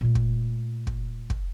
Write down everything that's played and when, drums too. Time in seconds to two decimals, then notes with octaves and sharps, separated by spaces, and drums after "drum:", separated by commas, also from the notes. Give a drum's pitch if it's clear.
0.01 A#2 A3
0.15 drum: kick
0.87 drum: kick
1.30 drum: kick